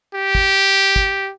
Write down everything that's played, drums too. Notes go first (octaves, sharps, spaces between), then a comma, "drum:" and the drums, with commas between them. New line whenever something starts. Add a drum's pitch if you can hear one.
G4
drum: kick
drum: kick